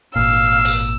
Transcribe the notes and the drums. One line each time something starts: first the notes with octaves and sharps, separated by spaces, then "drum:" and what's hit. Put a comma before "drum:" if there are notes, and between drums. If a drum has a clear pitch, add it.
G#1 A#2 F5 E6
drum: open hi-hat